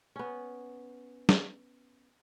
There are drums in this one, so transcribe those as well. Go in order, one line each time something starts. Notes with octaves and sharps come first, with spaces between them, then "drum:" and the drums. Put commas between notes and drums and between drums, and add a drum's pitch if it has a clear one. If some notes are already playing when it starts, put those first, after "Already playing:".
B3 C#4
drum: snare